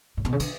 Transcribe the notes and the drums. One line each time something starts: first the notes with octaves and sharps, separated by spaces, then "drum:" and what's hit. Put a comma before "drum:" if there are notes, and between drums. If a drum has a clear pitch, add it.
A2
B2, drum: tom
C#3
D3, drum: cymbal